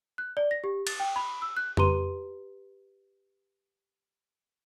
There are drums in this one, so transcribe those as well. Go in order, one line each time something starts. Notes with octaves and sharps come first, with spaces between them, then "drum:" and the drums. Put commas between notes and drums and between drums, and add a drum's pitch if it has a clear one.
F#6
D5
A#6
G4
A6, drum: cymbal
G5
B5
E6
F#6
G4 B4 A#5 C6 D#7, drum: tom F2